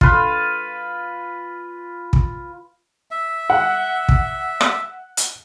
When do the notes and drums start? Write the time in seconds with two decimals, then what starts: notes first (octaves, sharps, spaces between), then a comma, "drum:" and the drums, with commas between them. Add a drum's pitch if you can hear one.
0.01 F4 B4, drum: kick
2.13 drum: kick
3.11 E5
3.50 F#5
4.09 drum: kick
4.61 drum: rim click
5.17 drum: hi-hat